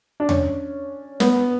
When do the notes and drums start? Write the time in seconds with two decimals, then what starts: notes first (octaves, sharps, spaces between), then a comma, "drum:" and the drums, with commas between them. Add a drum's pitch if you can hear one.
0.20 D4
0.29 C#4, drum: tom E2
1.20 B3, drum: snare